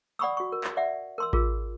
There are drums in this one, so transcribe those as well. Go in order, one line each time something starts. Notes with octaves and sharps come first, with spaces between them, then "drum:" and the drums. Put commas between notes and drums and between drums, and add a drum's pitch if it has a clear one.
D5 F#5 B5 C#6 D#6 E6
F#4 C#6
A#4
drum: clap
D5 E5 F#5
A#4 C6 E6
F4 G#4 A#4, drum: kick A1